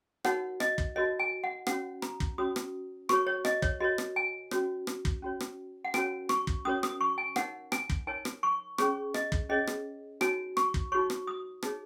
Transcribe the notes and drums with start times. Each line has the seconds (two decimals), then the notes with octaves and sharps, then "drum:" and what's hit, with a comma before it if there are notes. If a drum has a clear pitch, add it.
0.24 D#4 F#4 A#4 C#5 F#5, drum: rim click
0.60 D#5, drum: rim click
0.78 drum: kick
0.96 D#4 F#4 A#4 C#5 D#5
1.19 G#5
1.44 F#5
1.67 C#4 F#4 C#5 F#5, drum: rim click
2.02 A#5, drum: rim click
2.20 drum: kick
2.38 C#4 F#4 C#5 D#6
2.56 drum: rim click
3.09 F#4 A#4 C#5 C#6, drum: rim click
3.27 C#5
3.45 D#5, drum: rim click
3.62 C#5, drum: kick
3.80 F#4 A#4 C#5 D#5
3.98 drum: rim click
4.16 G#5
4.51 C#4 F#4 C#5, drum: rim click
4.87 drum: rim click
5.05 drum: kick
5.22 C#4 F#4 C#5
5.40 drum: rim click
5.85 F#5
5.94 C#4 F#4 A#4 C#5 G#5, drum: rim click
6.29 C#6, drum: rim click
6.47 drum: kick
6.65 C#4 F#4 A#4 C#5 D#6
6.83 D#6, drum: rim click
7.01 C#6
7.18 G#5
7.36 D#4 A#4 C#5 F#5, drum: rim click
7.72 G#5, drum: rim click
7.90 drum: kick
8.07 D#4 A#4 C#5 G#5
8.25 drum: rim click
8.43 C#6
8.78 C#4 G#4 C#5 C#6, drum: rim click
9.14 D#5, drum: rim click
9.32 drum: kick
9.49 C#4 G#4 C#5 D#5
9.67 drum: rim click
10.21 D#4 F#4 C#5 G#5, drum: rim click
10.57 C#6, drum: rim click
10.74 drum: kick
10.92 D#4 F#4 C#5 C#6
11.10 drum: rim click
11.27 D#6
11.62 D#4 G#4 C#5, drum: rim click